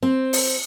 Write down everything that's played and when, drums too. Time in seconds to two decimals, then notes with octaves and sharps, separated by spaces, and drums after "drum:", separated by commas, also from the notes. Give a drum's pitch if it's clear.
0.03 C4
0.33 drum: open hi-hat